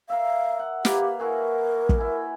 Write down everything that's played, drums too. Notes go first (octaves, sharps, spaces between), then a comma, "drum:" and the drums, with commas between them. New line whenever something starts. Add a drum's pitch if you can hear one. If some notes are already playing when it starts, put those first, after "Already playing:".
A#4 E5 F5
F#5
A#3 G4 B4 F5, drum: snare
E4 F#4 G#4 A#4
drum: kick
E4 G#5